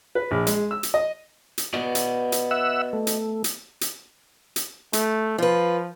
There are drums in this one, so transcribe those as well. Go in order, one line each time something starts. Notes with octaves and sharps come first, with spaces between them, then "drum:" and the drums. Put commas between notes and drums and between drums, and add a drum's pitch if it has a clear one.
B4
A#1
G#3, drum: hi-hat
E6
drum: hi-hat
D#5
drum: hi-hat
B3 F#4 D5 D#5
drum: hi-hat
drum: hi-hat
E5 F#5 E6
A3
drum: hi-hat
drum: hi-hat
drum: hi-hat
drum: hi-hat
A3, drum: hi-hat
F3 F4 B4